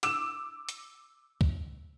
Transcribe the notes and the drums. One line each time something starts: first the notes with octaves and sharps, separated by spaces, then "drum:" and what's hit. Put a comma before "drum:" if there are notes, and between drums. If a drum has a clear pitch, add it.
D6 E6 E7, drum: hi-hat
drum: hi-hat
drum: kick